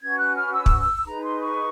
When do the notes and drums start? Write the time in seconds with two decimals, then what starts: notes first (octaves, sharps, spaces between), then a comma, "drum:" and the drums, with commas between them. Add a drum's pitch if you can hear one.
0.01 C#4 F#4 B4 G#6
0.18 F#6
0.35 F6
0.53 E6
0.66 drum: kick
0.80 E6
1.05 D#4 G#4 B4 A#5
1.23 C6
1.40 C#6